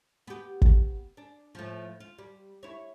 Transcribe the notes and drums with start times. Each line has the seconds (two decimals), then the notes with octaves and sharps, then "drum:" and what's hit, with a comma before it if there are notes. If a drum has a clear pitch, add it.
0.27 B3 G4
0.62 drum: kick
1.17 D4
1.55 A2 F3
2.00 F4
2.18 G3
2.63 E4 C#5